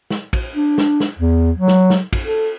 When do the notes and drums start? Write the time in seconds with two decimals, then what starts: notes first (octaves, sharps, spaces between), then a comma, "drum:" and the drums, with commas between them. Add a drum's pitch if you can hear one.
0.10 drum: snare
0.33 drum: kick, cymbal
0.55 D4
0.78 drum: snare
1.00 drum: snare
1.19 E2
1.57 F#3
1.68 drum: snare
1.90 drum: snare
2.13 drum: kick, cymbal
2.24 A4